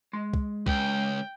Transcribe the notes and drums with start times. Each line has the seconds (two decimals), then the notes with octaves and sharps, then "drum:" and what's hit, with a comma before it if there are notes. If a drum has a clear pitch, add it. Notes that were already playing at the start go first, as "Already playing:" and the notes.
0.13 G#3 C6
0.33 drum: kick
0.66 C#2 G5, drum: kick